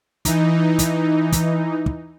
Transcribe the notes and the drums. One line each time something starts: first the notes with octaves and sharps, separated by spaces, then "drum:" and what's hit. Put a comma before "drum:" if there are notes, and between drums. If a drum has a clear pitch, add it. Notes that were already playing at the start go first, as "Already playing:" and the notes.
E3 D#4, drum: kick, hi-hat
drum: kick, hi-hat
drum: kick, hi-hat
drum: kick